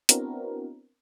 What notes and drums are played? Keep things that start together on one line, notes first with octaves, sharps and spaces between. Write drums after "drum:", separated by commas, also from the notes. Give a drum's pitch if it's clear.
B3 C4 D4 E4 F#4 A#4, drum: hi-hat